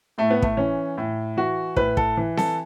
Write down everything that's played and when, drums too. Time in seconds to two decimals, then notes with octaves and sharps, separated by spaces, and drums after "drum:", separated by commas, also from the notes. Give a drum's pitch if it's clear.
0.18 A2 A3
0.30 B3
0.42 A3, drum: kick
0.57 E3 C#4
0.98 A2
1.37 E3 F#4
1.76 A2 B4, drum: kick
1.97 A4, drum: kick
2.17 E3
2.37 A4, drum: snare C4